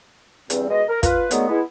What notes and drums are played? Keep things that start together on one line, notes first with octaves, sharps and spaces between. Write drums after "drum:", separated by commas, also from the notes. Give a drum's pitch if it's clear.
E2 G2 G3 C4, drum: hi-hat
B2 G#3 D#5
A#4
F4 B4, drum: kick, hi-hat
D3 D#3 F#3 G#3 A3 B3, drum: hi-hat
G#3 B3 E4